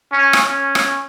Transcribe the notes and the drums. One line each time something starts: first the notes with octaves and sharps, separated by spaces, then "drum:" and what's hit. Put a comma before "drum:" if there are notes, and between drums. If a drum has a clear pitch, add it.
C#4
drum: rim click
C#4
drum: rim click